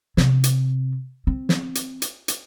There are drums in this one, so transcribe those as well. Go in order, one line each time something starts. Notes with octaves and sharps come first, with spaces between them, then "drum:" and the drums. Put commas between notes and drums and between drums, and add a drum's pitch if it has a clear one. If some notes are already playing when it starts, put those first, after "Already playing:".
C3, drum: snare
drum: hi-hat
C4
drum: snare
drum: hi-hat
drum: hi-hat
drum: hi-hat